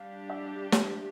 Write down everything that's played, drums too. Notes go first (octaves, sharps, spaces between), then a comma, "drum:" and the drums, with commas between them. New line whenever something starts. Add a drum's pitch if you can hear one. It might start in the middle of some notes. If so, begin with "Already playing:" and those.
Already playing: G3 D4 G4 F5
E5
E5, drum: snare